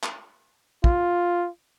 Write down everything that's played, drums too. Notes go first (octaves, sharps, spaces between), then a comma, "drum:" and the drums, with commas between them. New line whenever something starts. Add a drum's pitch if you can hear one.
drum: clap
F4, drum: kick